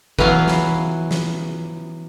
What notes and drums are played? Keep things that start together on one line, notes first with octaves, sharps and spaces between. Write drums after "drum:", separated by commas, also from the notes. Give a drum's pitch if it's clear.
E3 F#3 B3 F5, drum: kick
drum: snare
drum: snare